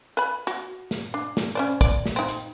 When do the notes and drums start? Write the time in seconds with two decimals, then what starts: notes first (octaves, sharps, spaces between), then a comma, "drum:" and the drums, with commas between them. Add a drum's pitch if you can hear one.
0.17 B4 B5
0.47 F#4, drum: hi-hat
0.91 drum: snare
1.14 D4
1.37 drum: snare
1.55 C#4 C5 D5
1.81 D5, drum: kick, hi-hat
2.06 drum: snare
2.16 C4 D#4
2.28 drum: hi-hat